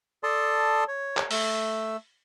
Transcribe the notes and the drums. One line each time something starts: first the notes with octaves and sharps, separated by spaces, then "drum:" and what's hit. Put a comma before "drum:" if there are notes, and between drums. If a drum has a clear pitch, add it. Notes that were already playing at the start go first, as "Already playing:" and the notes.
A4 D5 A5 C6 D#6
C#5
drum: clap
A3 E6, drum: open hi-hat